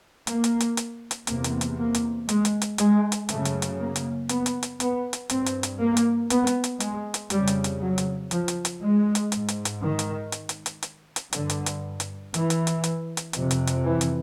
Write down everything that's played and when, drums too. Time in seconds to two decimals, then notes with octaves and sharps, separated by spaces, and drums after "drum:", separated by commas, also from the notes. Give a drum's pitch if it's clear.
0.27 A#3, drum: hi-hat
0.44 drum: hi-hat
0.60 drum: hi-hat
0.77 drum: hi-hat
1.11 drum: hi-hat
1.27 E2 C3 A#3, drum: hi-hat
1.44 drum: hi-hat
1.61 drum: hi-hat
1.78 A#3
1.95 drum: hi-hat
2.29 G#3, drum: hi-hat
2.45 drum: hi-hat
2.62 drum: hi-hat
2.78 G#3, drum: hi-hat
3.12 drum: hi-hat
3.29 F#2 C#3 A3, drum: hi-hat
3.45 drum: hi-hat
3.62 drum: hi-hat
3.79 A#3
3.96 drum: hi-hat
4.29 B3, drum: hi-hat
4.46 drum: hi-hat
4.63 drum: hi-hat
4.80 B3, drum: hi-hat
5.13 drum: hi-hat
5.30 G2 C4, drum: hi-hat
5.46 drum: hi-hat
5.63 drum: hi-hat
5.80 A#3
5.97 drum: hi-hat
6.30 B3, drum: hi-hat
6.47 drum: hi-hat
6.64 drum: hi-hat
6.80 G#3, drum: hi-hat
7.14 drum: hi-hat
7.30 F2 C#3 G3, drum: hi-hat
7.47 drum: hi-hat
7.64 drum: hi-hat
7.81 F#3
7.98 drum: hi-hat
8.31 F3, drum: hi-hat
8.48 drum: hi-hat
8.65 drum: hi-hat
8.82 G#3
9.15 drum: hi-hat
9.32 G#2, drum: hi-hat
9.49 drum: hi-hat
9.65 drum: hi-hat
9.82 D#3
9.99 drum: hi-hat
10.32 drum: hi-hat
10.49 drum: hi-hat
10.66 drum: hi-hat
10.83 drum: hi-hat
11.16 drum: hi-hat
11.33 G2 D3, drum: hi-hat
11.50 drum: hi-hat
11.66 drum: hi-hat
12.00 drum: hi-hat
12.34 E3, drum: hi-hat
12.50 drum: hi-hat
12.67 drum: hi-hat
12.84 drum: hi-hat
13.17 drum: hi-hat
13.33 F2 C3, drum: hi-hat
13.51 drum: hi-hat
13.67 drum: hi-hat
13.84 E3
14.01 drum: hi-hat